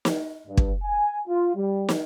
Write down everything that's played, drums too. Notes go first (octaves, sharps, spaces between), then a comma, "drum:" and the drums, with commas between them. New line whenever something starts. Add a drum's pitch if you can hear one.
drum: snare
G2
drum: kick
G#5
F4
G3
drum: snare